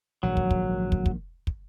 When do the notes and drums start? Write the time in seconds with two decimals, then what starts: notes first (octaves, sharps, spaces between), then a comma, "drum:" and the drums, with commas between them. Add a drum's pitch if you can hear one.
0.23 A#1 G#2 D#3 F#3
0.37 drum: kick
0.51 drum: kick
0.92 drum: kick
1.06 drum: kick
1.47 drum: kick